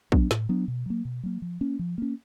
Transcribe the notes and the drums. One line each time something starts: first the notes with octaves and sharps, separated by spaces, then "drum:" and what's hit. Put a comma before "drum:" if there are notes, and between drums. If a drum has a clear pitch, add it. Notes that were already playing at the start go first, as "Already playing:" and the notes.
F#3 B3 D4, drum: kick
A2, drum: snare
F#3 B3 D4
B2
F#3 A#3
B2
F#3 A#3
F3
A#3 C#4
F3
A#3 C#4